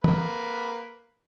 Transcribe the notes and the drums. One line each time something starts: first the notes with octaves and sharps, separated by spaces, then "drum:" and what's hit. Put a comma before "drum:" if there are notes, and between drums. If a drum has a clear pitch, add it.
A#3 B4, drum: tom